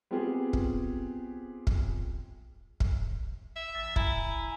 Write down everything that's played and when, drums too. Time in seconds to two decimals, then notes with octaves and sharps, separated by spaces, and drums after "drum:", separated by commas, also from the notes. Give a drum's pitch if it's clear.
0.11 B3 C4 F4 G4 G#4
0.53 drum: kick
1.67 drum: kick
2.80 drum: kick
3.56 E5
3.75 A1 E6 A6
3.96 E4 G#5 A#5, drum: kick